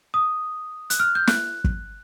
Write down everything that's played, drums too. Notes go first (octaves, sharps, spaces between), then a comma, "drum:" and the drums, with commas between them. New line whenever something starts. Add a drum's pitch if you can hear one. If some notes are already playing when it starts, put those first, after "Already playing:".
D#6
F#6, drum: hi-hat
F6
G6
F#6, drum: snare
drum: kick